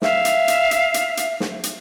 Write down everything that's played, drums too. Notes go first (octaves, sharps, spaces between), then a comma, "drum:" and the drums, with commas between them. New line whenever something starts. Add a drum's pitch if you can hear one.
E5 F5, drum: snare
drum: hi-hat
drum: hi-hat
drum: hi-hat
drum: hi-hat
drum: hi-hat
drum: snare
drum: hi-hat